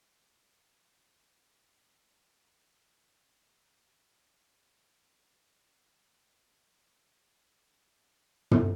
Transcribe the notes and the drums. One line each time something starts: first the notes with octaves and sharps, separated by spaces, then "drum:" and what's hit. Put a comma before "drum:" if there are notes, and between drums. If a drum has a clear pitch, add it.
B2
D#4 G4 A5 A#5
F#3
D#2 F4 G4 D6 C7 C#7
E4 B5 A#6
G#4
B3
F#5
C4
G#5
D4
drum: tom